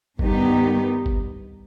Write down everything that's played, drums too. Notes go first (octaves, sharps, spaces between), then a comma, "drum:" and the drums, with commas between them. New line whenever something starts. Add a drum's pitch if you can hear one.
G2 D#3 B3 D#4 G4, drum: kick
drum: kick